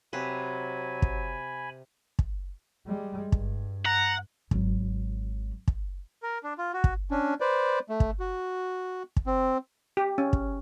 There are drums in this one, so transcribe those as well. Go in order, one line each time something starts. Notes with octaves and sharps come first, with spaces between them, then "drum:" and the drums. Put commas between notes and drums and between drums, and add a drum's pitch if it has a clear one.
C3 F#3 B4 G#5 B5
drum: kick
drum: kick
G3 G#3
G2, drum: kick
F#5 A#5
G#1 F#3, drum: kick
drum: kick
A#4
D4
F4
F#4
drum: kick
C#4 D4
B4 C5 D5
A3
drum: kick
F#4
drum: kick
C4
G4
C#4
drum: kick